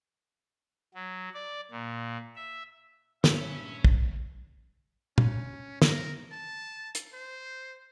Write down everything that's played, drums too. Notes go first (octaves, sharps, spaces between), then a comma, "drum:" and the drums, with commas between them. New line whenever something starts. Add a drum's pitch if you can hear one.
F#3
D5
A#2
E5
G2 A#2 G#3 C#4 E5, drum: snare
drum: kick
C#4, drum: tom
A#4, drum: snare
A5
drum: hi-hat
C5